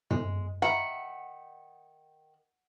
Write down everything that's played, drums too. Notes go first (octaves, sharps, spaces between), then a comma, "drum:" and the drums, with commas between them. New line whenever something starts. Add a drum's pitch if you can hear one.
G#3, drum: tom
D#3 E5 F#5 B5